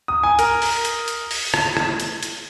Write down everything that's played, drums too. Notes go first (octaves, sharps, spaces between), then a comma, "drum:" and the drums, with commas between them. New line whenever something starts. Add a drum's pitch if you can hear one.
D#6
G#5
A#4, drum: hi-hat
drum: open hi-hat
drum: hi-hat
drum: hi-hat
drum: open hi-hat
drum: rim click
drum: rim click
drum: hi-hat
drum: hi-hat